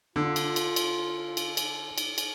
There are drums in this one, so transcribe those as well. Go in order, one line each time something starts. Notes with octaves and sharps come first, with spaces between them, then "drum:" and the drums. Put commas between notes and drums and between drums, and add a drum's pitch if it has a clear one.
D3 F4
drum: cymbal
drum: cymbal
drum: cymbal
drum: cymbal
drum: cymbal
drum: cymbal
drum: cymbal